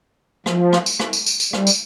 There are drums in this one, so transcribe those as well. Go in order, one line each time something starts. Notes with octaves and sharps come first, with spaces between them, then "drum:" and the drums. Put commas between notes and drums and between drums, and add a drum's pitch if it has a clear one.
F3, drum: rim click
drum: rim click
drum: tambourine
drum: rim click
drum: tambourine
drum: tambourine
drum: tambourine
G3, drum: rim click
drum: tambourine